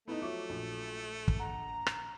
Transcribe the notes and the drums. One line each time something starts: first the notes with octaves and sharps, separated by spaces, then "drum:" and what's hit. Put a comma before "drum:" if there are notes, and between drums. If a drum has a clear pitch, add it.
A3 B3 D#4 E4
F3 F#3 E5 C#6 D6
A#1
drum: kick
F#5 A#5
drum: rim click